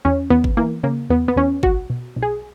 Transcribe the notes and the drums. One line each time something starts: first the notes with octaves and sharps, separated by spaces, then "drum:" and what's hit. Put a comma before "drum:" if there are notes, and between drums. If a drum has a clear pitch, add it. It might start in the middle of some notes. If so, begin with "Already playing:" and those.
E2 C#4
E2 B3
drum: kick G1
E3 A#3
C#3 A#3
E2 B3
B3
E2 C#4
B1 F#4, drum: kick G1
B2
B1
G#4